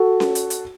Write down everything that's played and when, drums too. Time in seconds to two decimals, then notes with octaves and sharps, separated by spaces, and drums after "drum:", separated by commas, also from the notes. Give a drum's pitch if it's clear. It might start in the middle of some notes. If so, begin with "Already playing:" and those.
Already playing: F#4 A4
0.20 drum: snare C#4
0.35 drum: hi-hat
0.50 drum: hi-hat